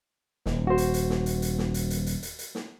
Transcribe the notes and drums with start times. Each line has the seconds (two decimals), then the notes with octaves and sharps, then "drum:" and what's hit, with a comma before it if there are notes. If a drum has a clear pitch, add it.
0.46 D#1, drum: snare
0.67 F#4 C5
0.78 drum: hi-hat
0.94 drum: hi-hat
1.10 drum: snare
1.26 drum: hi-hat
1.42 drum: hi-hat
1.58 drum: snare
1.74 drum: hi-hat
1.90 drum: hi-hat
2.06 drum: hi-hat
2.23 drum: hi-hat
2.39 drum: hi-hat
2.55 drum: snare